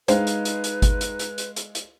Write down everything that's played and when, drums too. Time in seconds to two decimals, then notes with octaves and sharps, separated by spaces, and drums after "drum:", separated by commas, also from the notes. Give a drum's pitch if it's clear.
0.08 G#3 D4 D#4 B4 C5 F5 G5, drum: hi-hat
0.27 drum: hi-hat
0.45 drum: hi-hat
0.64 drum: hi-hat
0.82 drum: kick G#1, hi-hat
1.01 drum: hi-hat
1.19 drum: hi-hat
1.38 drum: hi-hat
1.56 drum: hi-hat
1.75 drum: hi-hat